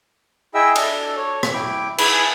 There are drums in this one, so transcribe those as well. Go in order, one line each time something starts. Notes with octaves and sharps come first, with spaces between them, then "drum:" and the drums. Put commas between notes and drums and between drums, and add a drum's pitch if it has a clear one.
E4 G#4 D#5 E5 G5 E6
D4 A4, drum: cymbal
C#5
drum: rim click
E4 G5 D6
E4 G#4 B4 G#5 B5, drum: cymbal